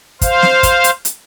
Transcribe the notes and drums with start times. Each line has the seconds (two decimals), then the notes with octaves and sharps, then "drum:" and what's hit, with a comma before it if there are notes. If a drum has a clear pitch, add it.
0.21 C5 F5, drum: kick, hi-hat
0.42 drum: snare
0.63 drum: kick, hi-hat
0.84 drum: hi-hat
1.05 drum: hi-hat